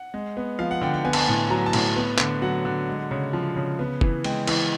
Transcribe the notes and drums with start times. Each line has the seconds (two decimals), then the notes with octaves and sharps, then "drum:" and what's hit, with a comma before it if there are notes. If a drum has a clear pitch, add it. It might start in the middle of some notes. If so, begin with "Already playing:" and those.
Already playing: F#5
0.14 G#3
0.37 B3
0.59 F3 F5
0.71 F#5
0.81 D3 G5
0.94 G5
1.05 B3 G#5
1.13 A5, drum: cymbal
1.21 G#5
1.28 A2
1.50 F#3 A#5
1.66 A5
1.73 A2, drum: cymbal
1.96 B3
2.18 D3, drum: clap
2.42 F#3 F#5
2.65 D3
2.88 G#3
3.11 C#3
3.33 F3
3.56 C#3
3.79 B3
4.01 E3, drum: kick
4.24 G#3 G5, drum: cymbal
4.47 E3, drum: cymbal